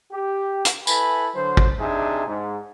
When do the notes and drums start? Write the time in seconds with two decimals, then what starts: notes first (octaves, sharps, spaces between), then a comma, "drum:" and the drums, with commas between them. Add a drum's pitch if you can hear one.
0.12 G4
0.65 drum: hi-hat
0.87 E4 A4 B4 G#5 B5, drum: tambourine
1.35 D3 F#3 C5
1.57 drum: kick
1.80 C3 D4 D#4 G#4 E5 G#5
2.27 G#2